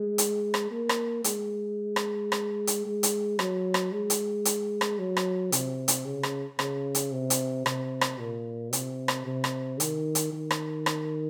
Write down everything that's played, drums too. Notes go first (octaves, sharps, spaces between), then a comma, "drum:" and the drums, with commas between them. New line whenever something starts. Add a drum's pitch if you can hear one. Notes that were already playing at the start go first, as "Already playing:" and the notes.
Already playing: G#3
drum: hi-hat
drum: rim click
A#3
drum: rim click
G#3, drum: hi-hat
drum: rim click
drum: rim click
drum: hi-hat
G#3
drum: hi-hat
F#3, drum: rim click
drum: rim click
G#3
drum: hi-hat
drum: hi-hat
drum: rim click
F#3
drum: rim click
C3, drum: hi-hat
drum: hi-hat
C#3
drum: rim click
C#3, drum: rim click
drum: hi-hat
C3
drum: hi-hat
C3, drum: rim click
drum: rim click
A#2
C3, drum: hi-hat
drum: rim click
C3
drum: rim click
D#3, drum: hi-hat
drum: hi-hat
D#3
drum: rim click
drum: rim click